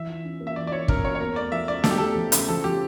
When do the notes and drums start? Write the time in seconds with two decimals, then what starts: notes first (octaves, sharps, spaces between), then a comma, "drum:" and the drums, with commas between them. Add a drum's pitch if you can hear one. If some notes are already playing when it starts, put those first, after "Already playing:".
Already playing: E3 E5
0.10 F4
0.25 C#4
0.41 A#3
0.47 E5
0.56 E3 D5
0.67 D5
0.72 F4 C#5
0.88 C#4 A#4, drum: kick
1.05 A#3 C#5
1.15 C#5
1.20 E2 A#4
1.36 A3 D5
1.52 F3 E5
1.68 C#3 D5
1.84 E2 A4, drum: snare
1.91 G4
1.98 A3 A4
2.15 F3
2.32 C#3, drum: hi-hat
2.48 F3 A4
2.64 F3 G4